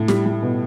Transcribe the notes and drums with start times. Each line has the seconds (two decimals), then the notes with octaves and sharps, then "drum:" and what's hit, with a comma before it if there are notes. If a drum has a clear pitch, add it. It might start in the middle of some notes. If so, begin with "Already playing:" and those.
Already playing: A2
0.08 G3, drum: snare
0.26 G3
0.42 B2